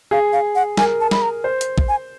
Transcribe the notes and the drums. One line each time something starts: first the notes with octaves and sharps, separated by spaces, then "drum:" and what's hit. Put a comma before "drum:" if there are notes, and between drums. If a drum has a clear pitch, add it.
G#4 F5
F5
F#5
A#4 G#5, drum: snare
A5
B5, drum: snare
A#5
C5
drum: hi-hat
drum: kick A1
G#5